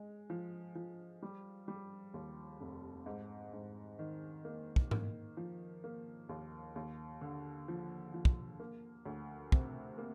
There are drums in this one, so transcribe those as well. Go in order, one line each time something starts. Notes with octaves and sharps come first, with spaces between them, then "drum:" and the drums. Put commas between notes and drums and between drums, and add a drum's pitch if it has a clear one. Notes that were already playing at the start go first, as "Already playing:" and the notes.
Already playing: G#3
F3
F3
G3
G3
D#2
F1
G#2
G#2
D#3
A#3
drum: kick
A#3, drum: tom G#2
F3
A#3
D#2
D#2
D3
F3
F3
drum: kick
A#3
D2
C3, drum: kick
A#3